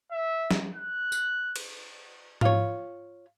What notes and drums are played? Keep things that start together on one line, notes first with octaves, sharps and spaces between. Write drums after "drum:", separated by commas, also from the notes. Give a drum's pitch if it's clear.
E5
drum: snare
F#6
drum: tambourine
drum: cymbal
F4 C#5, drum: tom G#2